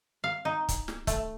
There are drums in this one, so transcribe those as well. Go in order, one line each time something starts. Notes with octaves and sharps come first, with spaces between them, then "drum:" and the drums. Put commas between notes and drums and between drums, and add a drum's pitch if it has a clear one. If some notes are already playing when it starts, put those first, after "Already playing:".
F5
D#4
drum: kick, hi-hat
drum: snare
A3, drum: kick, hi-hat